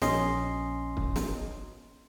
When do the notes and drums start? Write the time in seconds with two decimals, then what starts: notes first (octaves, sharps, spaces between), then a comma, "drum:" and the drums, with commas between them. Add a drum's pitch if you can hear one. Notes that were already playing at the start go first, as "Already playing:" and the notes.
0.02 A#1 C#4 D#5 C6, drum: snare
0.97 drum: kick
1.16 drum: snare